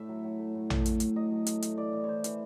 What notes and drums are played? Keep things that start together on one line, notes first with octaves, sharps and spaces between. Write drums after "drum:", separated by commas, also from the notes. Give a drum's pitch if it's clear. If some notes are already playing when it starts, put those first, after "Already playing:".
Already playing: A2 A3 E5
F#3
F#3
A3
A2
A3, drum: tom A#1
A3, drum: hi-hat
A2, drum: hi-hat
F#3 D#5
F#3
A3, drum: hi-hat
A3, drum: hi-hat
E3 D5
E3
E3 C5 C#5
E3, drum: hi-hat